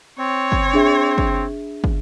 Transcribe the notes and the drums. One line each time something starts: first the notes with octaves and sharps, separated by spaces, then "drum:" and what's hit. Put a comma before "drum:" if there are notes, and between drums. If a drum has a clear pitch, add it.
C4 C#5
drum: kick
D4 G#4 E5
drum: kick
drum: kick